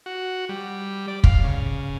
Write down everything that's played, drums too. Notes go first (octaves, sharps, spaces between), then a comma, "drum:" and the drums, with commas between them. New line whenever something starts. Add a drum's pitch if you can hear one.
F#4
G3
D5
F5, drum: kick
C#3